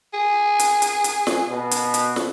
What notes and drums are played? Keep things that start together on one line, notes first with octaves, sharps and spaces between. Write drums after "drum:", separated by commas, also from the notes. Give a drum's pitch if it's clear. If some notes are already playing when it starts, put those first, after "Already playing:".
G#4
drum: hi-hat
drum: hi-hat
drum: hi-hat
drum: snare
B2
drum: hi-hat
drum: hi-hat
drum: snare